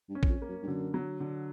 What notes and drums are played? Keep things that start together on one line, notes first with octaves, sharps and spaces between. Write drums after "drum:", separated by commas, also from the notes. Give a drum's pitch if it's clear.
G2
C#4
E2, drum: kick
F2
A#3
F#2
G2
F#2 D3
F#3
D3